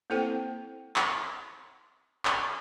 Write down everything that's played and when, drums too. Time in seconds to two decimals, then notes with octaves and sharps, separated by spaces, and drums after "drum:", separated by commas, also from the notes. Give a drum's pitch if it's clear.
0.10 A#3 C4 E4 A4 C5 G5
0.96 drum: clap
2.25 drum: clap